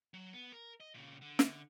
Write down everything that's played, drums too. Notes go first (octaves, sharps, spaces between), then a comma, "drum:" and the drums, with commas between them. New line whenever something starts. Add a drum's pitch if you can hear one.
F#3
B3
A#4
D#5
A#2 C#3
D3
drum: snare